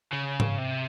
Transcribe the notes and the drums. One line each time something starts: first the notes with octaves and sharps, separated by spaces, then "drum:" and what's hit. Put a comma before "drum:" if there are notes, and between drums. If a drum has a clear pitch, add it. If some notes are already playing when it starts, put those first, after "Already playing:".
C#3
drum: tom G#2
C3